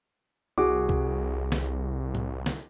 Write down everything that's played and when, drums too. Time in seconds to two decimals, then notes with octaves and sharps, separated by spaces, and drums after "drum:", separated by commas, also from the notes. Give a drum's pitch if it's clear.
0.58 C2 F#4 G#4 D6
0.89 drum: kick C2
1.52 drum: snare
2.15 drum: tom A2
2.46 drum: snare